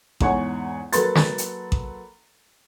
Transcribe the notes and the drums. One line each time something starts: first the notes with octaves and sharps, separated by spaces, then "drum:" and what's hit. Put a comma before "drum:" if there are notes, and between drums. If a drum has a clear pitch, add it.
E2 G#2 C#5 F#5 G#5 C#6, drum: kick A1
F#3 A#3 A4 B4 C6 A6, drum: hi-hat
drum: snare
drum: hi-hat
drum: kick A1